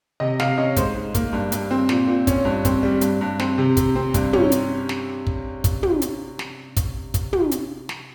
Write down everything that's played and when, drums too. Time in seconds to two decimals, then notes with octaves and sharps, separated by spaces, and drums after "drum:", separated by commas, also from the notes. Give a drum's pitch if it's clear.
0.20 C3 D#5
0.40 C3 F5, drum: snare
0.58 C#4 D#5
0.76 G#2 C5, drum: kick, hi-hat
0.95 G#2
1.15 A#3, drum: kick, hi-hat
1.33 G2
1.52 G2, drum: hi-hat
1.71 C4
1.89 A#2, drum: snare
2.07 A#2
2.27 C#4, drum: kick, hi-hat
2.45 G2
2.65 C4, drum: kick, hi-hat
2.83 G3
3.01 G2, drum: hi-hat
3.21 G2
3.39 C4, drum: snare
3.58 C3
3.77 C3, drum: kick, hi-hat
3.96 C4
4.14 G2, drum: kick, hi-hat
4.33 C#4, drum: tom
4.52 drum: hi-hat
4.89 drum: snare
5.27 drum: kick
5.64 drum: kick, hi-hat
5.83 drum: tom
6.02 drum: hi-hat
6.39 drum: snare
6.77 drum: kick, hi-hat
7.14 drum: kick, hi-hat
7.33 drum: tom
7.51 drum: hi-hat
7.89 drum: snare